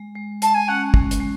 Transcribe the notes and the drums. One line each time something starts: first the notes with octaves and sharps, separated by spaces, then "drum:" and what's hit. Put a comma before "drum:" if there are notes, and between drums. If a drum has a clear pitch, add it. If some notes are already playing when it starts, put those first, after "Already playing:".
Already playing: G#3
G#3
G#3 A5, drum: hi-hat
G#5
C#4 F#5
G#3, drum: kick
drum: hi-hat
G#3